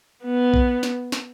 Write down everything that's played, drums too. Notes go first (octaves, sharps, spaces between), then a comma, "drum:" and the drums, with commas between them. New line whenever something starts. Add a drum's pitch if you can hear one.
B3
drum: kick
drum: snare
drum: snare